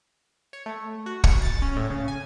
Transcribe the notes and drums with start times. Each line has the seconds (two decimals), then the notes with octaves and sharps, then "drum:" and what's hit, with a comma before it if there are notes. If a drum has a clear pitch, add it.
0.53 C#5
0.66 A3
1.06 F#4
1.24 C#7, drum: kick
1.42 A6
1.62 C#4
1.76 A2
1.90 C#3
2.08 G#5